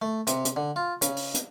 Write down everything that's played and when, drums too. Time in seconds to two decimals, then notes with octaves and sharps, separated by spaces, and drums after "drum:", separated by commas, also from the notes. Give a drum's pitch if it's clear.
0.02 A3
0.27 C3, drum: hi-hat
0.45 drum: hi-hat
0.56 D3
0.76 F4
1.02 C#3, drum: hi-hat
1.17 drum: open hi-hat
1.34 drum: hi-hat